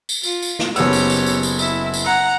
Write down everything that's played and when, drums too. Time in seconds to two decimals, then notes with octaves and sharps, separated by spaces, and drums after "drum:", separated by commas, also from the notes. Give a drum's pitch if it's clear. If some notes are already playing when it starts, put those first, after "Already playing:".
0.09 drum: tambourine
0.23 F4, drum: tambourine
0.42 drum: tambourine
0.59 drum: snare
0.76 F#1 B3 G4 C#5 E6, drum: tambourine
0.93 drum: tambourine
1.10 drum: tambourine
1.26 drum: tambourine
1.43 drum: tambourine
1.59 E4, drum: tambourine
1.94 drum: tambourine
2.05 F#5 A#5